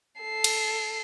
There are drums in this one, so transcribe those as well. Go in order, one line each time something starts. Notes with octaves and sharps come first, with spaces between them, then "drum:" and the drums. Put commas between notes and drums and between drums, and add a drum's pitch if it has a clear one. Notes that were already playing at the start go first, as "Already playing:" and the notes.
A4 C7
drum: cymbal